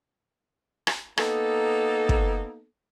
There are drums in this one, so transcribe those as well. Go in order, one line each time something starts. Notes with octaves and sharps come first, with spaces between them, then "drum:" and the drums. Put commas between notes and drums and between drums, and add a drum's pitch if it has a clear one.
drum: rim click
A#3 B3 D#4 A4, drum: rim click
drum: kick